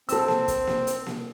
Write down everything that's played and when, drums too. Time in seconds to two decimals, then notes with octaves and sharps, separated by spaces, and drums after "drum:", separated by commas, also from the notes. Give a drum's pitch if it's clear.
0.09 C4 A4 E6, drum: hi-hat
0.28 drum: snare A#3
0.48 drum: kick, hi-hat
0.67 drum: snare A#3
0.87 drum: hi-hat
1.06 drum: snare A#3